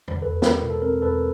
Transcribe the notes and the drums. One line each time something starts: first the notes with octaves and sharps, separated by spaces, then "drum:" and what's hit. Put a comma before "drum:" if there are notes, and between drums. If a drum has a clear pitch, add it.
drum: tom F2
E2 A4 B4
G#3 A#4, drum: snare
B2
A4
C4 A#4
E2 A4 B4